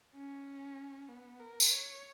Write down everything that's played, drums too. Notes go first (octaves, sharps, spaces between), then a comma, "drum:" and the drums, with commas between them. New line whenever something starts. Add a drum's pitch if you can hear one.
C#4
B3
A#4
drum: tambourine
C#5